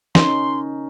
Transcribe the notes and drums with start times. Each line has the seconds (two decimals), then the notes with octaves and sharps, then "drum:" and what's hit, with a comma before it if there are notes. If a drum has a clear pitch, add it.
0.15 C#4 D#4 A#4 C6, drum: snare